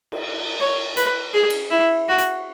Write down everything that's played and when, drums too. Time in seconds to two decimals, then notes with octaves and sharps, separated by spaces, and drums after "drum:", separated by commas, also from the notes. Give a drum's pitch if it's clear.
0.12 drum: cymbal
0.60 C#5
0.97 B4, drum: hi-hat
1.34 G#4
1.50 drum: cymbal
1.71 E4
2.09 F#4
2.18 drum: hi-hat